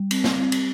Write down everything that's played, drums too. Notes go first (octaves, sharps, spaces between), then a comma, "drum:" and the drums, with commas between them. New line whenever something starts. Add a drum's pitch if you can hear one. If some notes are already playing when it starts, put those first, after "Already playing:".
Already playing: G3
C4, drum: cymbal
drum: snare
C4
drum: cymbal